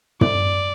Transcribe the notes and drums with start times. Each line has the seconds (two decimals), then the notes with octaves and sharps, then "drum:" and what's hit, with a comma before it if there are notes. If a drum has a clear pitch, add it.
0.21 D5, drum: tom